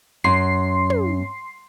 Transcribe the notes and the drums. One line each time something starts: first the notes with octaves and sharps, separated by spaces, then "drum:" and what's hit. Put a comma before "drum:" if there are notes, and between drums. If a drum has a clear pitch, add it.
F#2 C6 C7
drum: tom